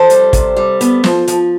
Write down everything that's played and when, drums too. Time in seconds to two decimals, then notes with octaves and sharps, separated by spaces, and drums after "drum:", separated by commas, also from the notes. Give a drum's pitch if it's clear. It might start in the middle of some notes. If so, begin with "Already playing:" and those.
Already playing: F2 A4 C5
0.10 G3, drum: hi-hat
0.33 C3, drum: kick, hi-hat
0.56 G3
0.81 B3, drum: hi-hat
1.04 F3, drum: snare
1.28 F3, drum: hi-hat